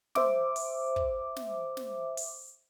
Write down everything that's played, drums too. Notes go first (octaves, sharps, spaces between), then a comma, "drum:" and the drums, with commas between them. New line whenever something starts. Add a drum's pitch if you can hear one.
C5 E5 D6, drum: snare
drum: open hi-hat
drum: kick
drum: snare
drum: snare
drum: open hi-hat